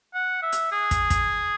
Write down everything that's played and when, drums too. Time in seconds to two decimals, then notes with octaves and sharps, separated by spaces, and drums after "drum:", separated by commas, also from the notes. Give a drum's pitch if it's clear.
0.14 F#5
0.43 E5
0.52 drum: hi-hat
0.72 G#4
0.91 drum: kick, hi-hat
1.10 drum: kick, hi-hat